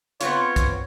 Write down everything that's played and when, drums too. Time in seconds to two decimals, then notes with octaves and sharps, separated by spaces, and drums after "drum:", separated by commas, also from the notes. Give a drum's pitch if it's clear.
0.21 B3 C4 F4 C#5, drum: hi-hat
0.56 drum: kick, hi-hat